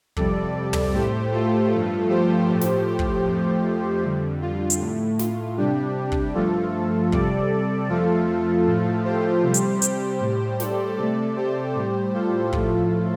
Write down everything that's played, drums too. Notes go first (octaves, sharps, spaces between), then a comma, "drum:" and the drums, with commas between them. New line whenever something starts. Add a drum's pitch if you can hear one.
F2 C3 G3 A4 D5, drum: kick
drum: tom
A2 A3 G4 C5
F4 A4
G2 F3 A3
G4 C5
A2 F3 A3
drum: snare
G4 C5
drum: kick
F2 F3 A3
F2 D3 G3
F4
drum: hi-hat
A2 A3
F4, drum: snare
C3 G3 D4 G4
drum: kick
G2 F3 A3 F4 A4
C3 G3 A4 D5, drum: kick
F2 F3 A3 F4 A4
A2 F3 A3
G4 C5
C3 G3
drum: hi-hat
G4 C5, drum: hi-hat
A2 G3
A4 D5, drum: snare
C3 A3 A4 D5
G4 C5
A2 G3
F4 A4
A2 F3 A3, drum: kick